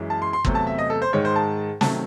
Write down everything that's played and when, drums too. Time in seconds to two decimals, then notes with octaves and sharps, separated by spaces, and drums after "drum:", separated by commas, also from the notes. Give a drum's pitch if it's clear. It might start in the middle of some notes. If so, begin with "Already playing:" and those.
Already playing: F#2 E3 G#3
0.10 A5
0.22 C6
0.33 C6
0.45 E2 C3 F#3 A3, drum: kick G1
0.55 A5
0.67 E5
0.79 D#5
0.90 A4
1.02 C5
1.13 G#2 D#3 G#3 C#5
1.25 C5
1.36 A5
1.81 C3 D#3 F#3 A3 A5, drum: snare